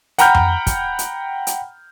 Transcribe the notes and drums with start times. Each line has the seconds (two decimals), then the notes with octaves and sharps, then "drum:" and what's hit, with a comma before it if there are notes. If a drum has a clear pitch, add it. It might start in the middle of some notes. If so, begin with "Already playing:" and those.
0.18 F#5 G5 A#5 B5 F6 G6, drum: hi-hat
0.35 drum: tom F2
0.67 drum: kick, hi-hat
0.99 drum: hi-hat
1.47 drum: hi-hat